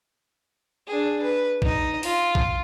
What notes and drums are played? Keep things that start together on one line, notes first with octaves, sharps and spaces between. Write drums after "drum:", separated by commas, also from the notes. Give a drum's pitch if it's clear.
D4 G#4
B4
D#4 D#5, drum: kick
F4, drum: open hi-hat
drum: kick